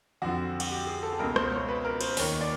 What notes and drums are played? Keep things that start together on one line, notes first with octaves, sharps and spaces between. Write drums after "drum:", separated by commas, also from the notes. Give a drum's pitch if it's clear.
F2 D3 F3 F#4
F#4, drum: cymbal
G4
G#4
A4
A4
C#2 B2 A#4
C5, drum: rim click
C#5
B4
A#4
C5, drum: cymbal
D#2 D#3 C#5, drum: open hi-hat
D5